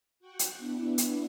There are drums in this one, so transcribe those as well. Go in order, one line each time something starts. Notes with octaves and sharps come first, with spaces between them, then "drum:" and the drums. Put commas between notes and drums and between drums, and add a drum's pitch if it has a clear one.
F#4 G5 C#6 F#6
drum: hi-hat
B3 D4 E4
drum: hi-hat